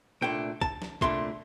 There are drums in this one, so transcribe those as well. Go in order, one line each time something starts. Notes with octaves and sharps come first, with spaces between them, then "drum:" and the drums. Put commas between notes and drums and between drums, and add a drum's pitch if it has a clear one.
C2 A#2 A3 D4 G5
A5, drum: kick C2
drum: snare
C2 A#2 A3 D4 C6, drum: kick C2